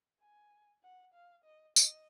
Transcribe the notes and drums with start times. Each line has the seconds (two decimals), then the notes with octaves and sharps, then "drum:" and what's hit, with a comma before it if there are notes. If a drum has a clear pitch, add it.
0.22 G#5
0.83 F#5
1.14 F5
1.44 D#5
1.76 D#5, drum: tambourine